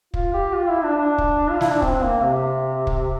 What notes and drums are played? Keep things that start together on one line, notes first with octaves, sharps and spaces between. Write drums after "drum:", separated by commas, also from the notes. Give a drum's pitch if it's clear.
F4, drum: kick
G4
F4
E4
D4
D4
drum: kick
F4
E4, drum: snare
D4
C4, drum: kick
A#3
C3
drum: kick
C3